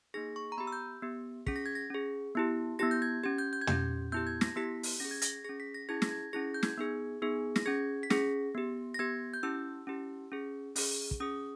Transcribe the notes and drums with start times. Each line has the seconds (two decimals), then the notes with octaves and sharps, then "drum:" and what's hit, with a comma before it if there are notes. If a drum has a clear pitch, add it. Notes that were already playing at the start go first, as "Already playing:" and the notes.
0.14 A#3 D#4 G#4 A#6
0.36 C#6
0.52 A#5
0.58 B3 G4 B5
0.67 E6
0.72 G6
1.02 B3 G4
1.47 C#4 G#4 B6, drum: kick
1.56 A#6
1.66 G#6
1.75 A#6
1.90 C#4 G#4
2.35 B3 E4 G4
2.79 B3 E4 G4 A#6
2.91 G6
3.02 G#6
3.23 C#4 G4 G#6
3.38 G6
3.53 G6
3.61 G#6
3.67 C#4 G4 G6, drum: tom
4.12 B3 E4 G4 G6
4.27 G#6
4.41 A#6, drum: snare
4.56 B3 E4 G4 B6
4.83 drum: open hi-hat
5.00 C#4 G#4 A#6
5.11 G#6
5.22 A#6, drum: hi-hat
5.44 C#4 G#4 A#6
5.60 B6
5.74 A#6
5.89 C#4 E4 G#4 G#6
6.02 A#6, drum: snare
6.11 G#6
6.33 C#4 E4 G#4 A#6
6.54 G6
6.63 G#6, drum: snare
6.78 B3 D#4 G#4
7.22 B3 D#4 G#4
7.56 A#6, drum: snare
7.66 C#4 G#4 G#6
8.03 B6
8.10 C#4 G#4 A#6, drum: snare
8.55 B3 G4
8.94 A#6
8.99 B3 G4 G#6
9.34 G6
9.43 C#4 E4 G4 E6
9.87 C#4 E4 G4
10.32 C#4 G#4
10.76 C#4 G#4, drum: open hi-hat
11.11 drum: kick
11.20 C#4 G#4 D#6